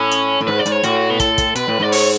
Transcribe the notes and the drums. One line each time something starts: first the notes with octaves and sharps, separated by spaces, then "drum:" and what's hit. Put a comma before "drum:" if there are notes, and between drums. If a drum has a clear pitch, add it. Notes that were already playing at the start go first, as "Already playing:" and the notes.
Already playing: A2 C#4
drum: hi-hat
A2
G#2 B4
D5
G#2, drum: hi-hat
C#5
A2 F#4, drum: hi-hat
B4
A4, drum: kick, hi-hat
drum: kick, hi-hat
B2 B4, drum: hi-hat
A2
G#2 D5
C#5, drum: open hi-hat